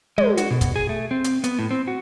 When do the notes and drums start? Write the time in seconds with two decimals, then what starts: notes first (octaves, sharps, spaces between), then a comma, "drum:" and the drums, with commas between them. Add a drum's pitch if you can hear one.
0.18 G#3, drum: tom
0.37 F#4, drum: hi-hat
0.51 B2
0.61 drum: kick, hi-hat
0.76 G#4
0.89 A3
1.11 C4
1.24 drum: hi-hat
1.44 B3, drum: hi-hat
1.59 A2
1.71 C4
1.88 F#4